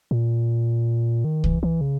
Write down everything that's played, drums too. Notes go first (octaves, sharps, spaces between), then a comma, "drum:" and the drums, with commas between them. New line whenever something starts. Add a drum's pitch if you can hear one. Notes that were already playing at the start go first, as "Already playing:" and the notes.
A#2
D#3
E3, drum: kick C2
E3
C#3